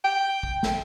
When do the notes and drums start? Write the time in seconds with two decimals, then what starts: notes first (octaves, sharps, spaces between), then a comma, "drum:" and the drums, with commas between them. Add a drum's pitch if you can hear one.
0.04 G5
0.43 drum: kick A1
0.63 drum: snare